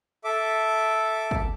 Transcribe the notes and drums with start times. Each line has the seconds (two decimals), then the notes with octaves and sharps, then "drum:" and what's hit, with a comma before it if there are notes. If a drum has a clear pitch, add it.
0.24 A4 E5 D6
1.31 drum: kick